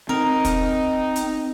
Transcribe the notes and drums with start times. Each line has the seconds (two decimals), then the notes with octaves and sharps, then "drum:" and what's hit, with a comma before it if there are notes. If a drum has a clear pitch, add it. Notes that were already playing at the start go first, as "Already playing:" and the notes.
0.09 C4 D#4 A#4
0.45 drum: kick, hi-hat
1.16 drum: hi-hat